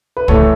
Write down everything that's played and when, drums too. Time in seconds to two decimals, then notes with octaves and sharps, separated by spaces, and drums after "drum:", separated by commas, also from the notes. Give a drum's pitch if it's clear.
0.17 B4
0.28 A2 E3 A3 A4 C#5, drum: kick